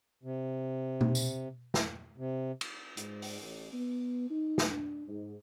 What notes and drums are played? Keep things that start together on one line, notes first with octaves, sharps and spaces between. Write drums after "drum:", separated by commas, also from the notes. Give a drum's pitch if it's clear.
C3
drum: tom B2
drum: tambourine
drum: snare
C3
drum: cymbal
G#2, drum: hi-hat
drum: open hi-hat
A1
B3
D#4
drum: snare
D4
G#2